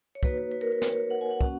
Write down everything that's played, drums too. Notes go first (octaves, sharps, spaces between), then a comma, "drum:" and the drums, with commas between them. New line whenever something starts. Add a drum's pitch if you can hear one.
C#5
A#3 D#4 F#4 B4, drum: kick
B4
B4
A#4
B4
C#5, drum: snare
F#5
G#5
F#5
A#3 C#4 F#4, drum: kick